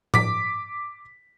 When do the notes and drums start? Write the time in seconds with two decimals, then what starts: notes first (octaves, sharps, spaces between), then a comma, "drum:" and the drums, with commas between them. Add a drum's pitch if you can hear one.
0.14 D6 B6, drum: tom A2